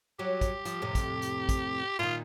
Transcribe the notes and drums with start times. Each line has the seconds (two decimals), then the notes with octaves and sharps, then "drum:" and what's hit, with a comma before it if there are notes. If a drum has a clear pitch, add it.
0.19 F#3 G4
0.41 drum: kick, hi-hat
0.65 F3, drum: hi-hat
0.82 F2 A2 C3
0.95 drum: kick, hi-hat
1.22 drum: hi-hat
1.49 drum: kick, hi-hat
1.99 A#2 D#3 F4